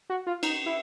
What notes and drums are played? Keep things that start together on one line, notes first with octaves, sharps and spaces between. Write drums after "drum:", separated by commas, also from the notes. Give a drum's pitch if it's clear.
F#4
F4
D#4, drum: cymbal
E4